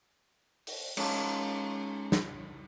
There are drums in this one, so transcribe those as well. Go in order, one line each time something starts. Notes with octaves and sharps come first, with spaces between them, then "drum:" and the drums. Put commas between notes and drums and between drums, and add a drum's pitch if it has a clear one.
drum: open hi-hat
G#3 C#4 D#4 F4 A4, drum: cymbal
drum: snare